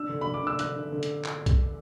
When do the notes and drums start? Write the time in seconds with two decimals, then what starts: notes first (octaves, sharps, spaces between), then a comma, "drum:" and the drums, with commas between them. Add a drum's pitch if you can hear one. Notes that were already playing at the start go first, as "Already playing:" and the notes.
Already playing: D4 E6
0.09 D3
0.21 B5
0.27 D3
0.34 D6
0.42 D4 E6
0.59 D3 F#6, drum: hi-hat
0.75 D3
0.92 D3
1.03 drum: hi-hat
1.25 drum: clap
1.46 drum: kick, hi-hat